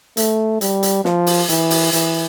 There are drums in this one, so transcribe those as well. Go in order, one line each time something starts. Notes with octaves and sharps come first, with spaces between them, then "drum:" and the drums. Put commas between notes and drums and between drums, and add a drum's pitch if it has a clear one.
A3, drum: hi-hat
G3, drum: hi-hat
drum: hi-hat
F3, drum: snare
drum: open hi-hat
E3, drum: hi-hat
drum: open hi-hat
E3, drum: hi-hat